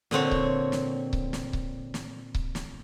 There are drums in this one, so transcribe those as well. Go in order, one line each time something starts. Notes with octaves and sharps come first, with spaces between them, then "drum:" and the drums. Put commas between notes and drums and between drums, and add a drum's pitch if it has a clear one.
A#2 D3 C4 C#5, drum: snare
drum: kick C#1
drum: snare
drum: kick C#1
drum: snare
drum: kick C#1
drum: snare
drum: kick C#1
drum: snare